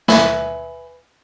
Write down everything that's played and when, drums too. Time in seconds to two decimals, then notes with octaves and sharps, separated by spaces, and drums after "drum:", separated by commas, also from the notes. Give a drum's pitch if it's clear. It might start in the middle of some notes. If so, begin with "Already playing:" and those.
0.08 B4 E5 G#5, drum: snare